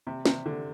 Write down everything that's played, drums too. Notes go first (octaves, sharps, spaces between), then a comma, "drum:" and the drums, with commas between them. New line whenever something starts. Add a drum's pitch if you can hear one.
C3
C3, drum: snare
D3